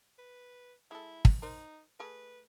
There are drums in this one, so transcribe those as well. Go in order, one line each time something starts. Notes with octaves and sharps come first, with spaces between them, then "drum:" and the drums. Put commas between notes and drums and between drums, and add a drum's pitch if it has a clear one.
B4
G#3 E4 A4
drum: kick
D#4 A#4 C5
A3 G#4 A4 B4